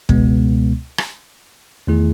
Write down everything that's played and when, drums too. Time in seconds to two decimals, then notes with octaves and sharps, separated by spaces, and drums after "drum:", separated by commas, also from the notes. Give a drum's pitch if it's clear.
0.09 C#2 B2 G#3 B3, drum: kick
0.98 drum: rim click
1.87 E2 D#3 A3 E4 G#4